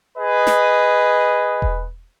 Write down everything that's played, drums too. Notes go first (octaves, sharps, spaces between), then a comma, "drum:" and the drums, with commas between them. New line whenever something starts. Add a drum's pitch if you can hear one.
G#4 B4 D#5
drum: snare
drum: kick E1